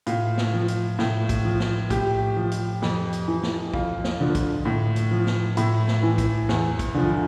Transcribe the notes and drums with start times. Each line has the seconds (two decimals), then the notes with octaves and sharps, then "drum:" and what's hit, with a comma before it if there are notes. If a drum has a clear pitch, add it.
0.07 A2 F4, drum: hi-hat
0.38 drum: snare
0.53 F3
0.68 drum: hi-hat
0.99 A2, drum: snare
1.29 drum: kick, hi-hat
1.45 F3
1.60 drum: snare
1.90 A2 G4, drum: kick, hi-hat
2.36 F3
2.52 drum: hi-hat
2.82 F2, drum: snare
3.13 drum: hi-hat
3.28 E3
3.43 drum: snare
3.74 F2 F4, drum: kick
4.04 drum: snare
4.20 D3 F3
4.35 drum: kick, hi-hat
4.65 A2
4.96 drum: hi-hat
5.11 F3
5.27 drum: snare
5.57 A2 E4, drum: hi-hat
5.88 drum: snare
6.03 E3
6.18 drum: kick, hi-hat
6.49 E2, drum: snare
6.79 drum: kick, hi-hat
6.94 D3 F3